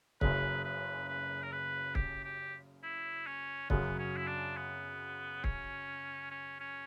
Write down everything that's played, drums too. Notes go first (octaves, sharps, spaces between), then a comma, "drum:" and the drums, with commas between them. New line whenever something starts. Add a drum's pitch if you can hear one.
F#1 F#2 C#3 B4, drum: kick C#1
B4
B4
A#4
B4
G4, drum: kick C#1
G4
E4
C#4
F#2 C#3 F#3 B3, drum: kick C#1
C#4
E4
D4
B3
C#4, drum: kick C#1
C#4
C#4